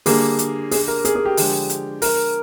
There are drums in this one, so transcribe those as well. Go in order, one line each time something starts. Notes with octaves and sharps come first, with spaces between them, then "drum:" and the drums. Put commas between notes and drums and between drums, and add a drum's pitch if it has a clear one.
D3 G3 A#3 G#4, drum: open hi-hat
drum: hi-hat
G#4, drum: open hi-hat
A#4
G#4, drum: hi-hat
G#4
G4
D3 F3 G#3, drum: open hi-hat
drum: hi-hat
A#4, drum: open hi-hat